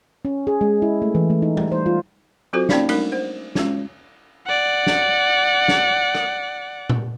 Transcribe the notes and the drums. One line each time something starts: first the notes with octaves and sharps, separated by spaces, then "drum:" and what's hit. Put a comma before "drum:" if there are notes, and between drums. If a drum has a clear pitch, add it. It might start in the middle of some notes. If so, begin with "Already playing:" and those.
C#4
G#4
G#3
E4
A3
E3
A3
D#4
G3, drum: tom G3
C5
F4
F#3 C4 F4 F#4 A4 C5
A#3 C#4 D#4 D5 F5, drum: snare
G3 A3 D4 D#4 A#4, drum: cymbal
C5 F#5
G#3 C#4 F4, drum: snare
D5 F#5
drum: snare
drum: snare
drum: rim click
drum: tom A#2